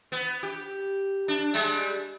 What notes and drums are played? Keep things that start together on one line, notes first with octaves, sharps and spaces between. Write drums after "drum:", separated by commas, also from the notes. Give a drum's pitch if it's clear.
B3
G4
D4
G3 G#3 D4, drum: tambourine